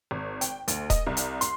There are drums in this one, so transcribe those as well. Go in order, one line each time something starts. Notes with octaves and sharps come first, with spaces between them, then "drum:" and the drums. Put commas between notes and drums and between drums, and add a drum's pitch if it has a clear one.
G#1
G5, drum: hi-hat
D2, drum: hi-hat
D#5, drum: kick D#1, hi-hat
C2
drum: hi-hat
C6, drum: hi-hat